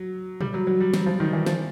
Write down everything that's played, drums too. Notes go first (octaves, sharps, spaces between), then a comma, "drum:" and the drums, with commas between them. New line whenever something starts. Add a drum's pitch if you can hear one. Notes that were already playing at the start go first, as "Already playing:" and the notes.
Already playing: F#3
G3, drum: tom A#2
F#3
F#3
G3
F#3, drum: snare
F3
D#3
E3
F3, drum: snare